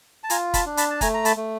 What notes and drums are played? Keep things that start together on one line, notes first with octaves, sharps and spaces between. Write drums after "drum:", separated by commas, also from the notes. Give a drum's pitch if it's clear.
A5
F4 G#5 A#5, drum: hi-hat
A5 B5, drum: kick, hi-hat
D4
A5 B5, drum: hi-hat
A5
A3 G#5 A#5, drum: kick, hi-hat
A#5
A5 B5, drum: hi-hat
A3